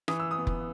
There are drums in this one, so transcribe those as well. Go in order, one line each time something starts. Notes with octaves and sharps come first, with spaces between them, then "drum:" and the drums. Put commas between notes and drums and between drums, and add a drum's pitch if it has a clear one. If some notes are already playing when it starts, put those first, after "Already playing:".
E3 D#6, drum: rim click
E6
D#6
B3
drum: kick F1